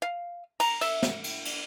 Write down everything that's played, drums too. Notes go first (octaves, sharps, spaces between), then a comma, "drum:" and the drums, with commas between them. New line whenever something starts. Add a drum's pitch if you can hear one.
F5
A#5, drum: cymbal
E5, drum: cymbal
drum: snare
drum: cymbal
drum: cymbal